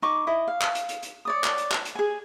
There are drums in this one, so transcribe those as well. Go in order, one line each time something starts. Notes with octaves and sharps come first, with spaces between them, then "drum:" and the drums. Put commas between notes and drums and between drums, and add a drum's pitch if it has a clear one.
D#4 C#6 D6
E4 D#5
F5
drum: clap
drum: hi-hat
drum: hi-hat
drum: hi-hat
C#5 D5 D#6
drum: clap
drum: hi-hat
drum: clap
drum: hi-hat
G#4 G#5